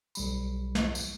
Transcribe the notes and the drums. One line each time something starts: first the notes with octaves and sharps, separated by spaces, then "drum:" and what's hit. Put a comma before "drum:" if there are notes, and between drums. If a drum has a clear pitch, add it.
B1 G3 B5, drum: tambourine
drum: snare
drum: tambourine